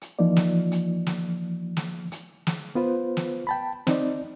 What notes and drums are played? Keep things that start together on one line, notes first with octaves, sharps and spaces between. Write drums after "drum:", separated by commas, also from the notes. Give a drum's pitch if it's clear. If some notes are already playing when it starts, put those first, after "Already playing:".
drum: hi-hat
E3 F3 A#3 D#4 F4 D5
drum: snare
drum: hi-hat
drum: snare
drum: snare
drum: hi-hat
drum: snare
B3 F4 B4 C5
drum: snare
G5 A5 B5
C4 D#4 D5, drum: snare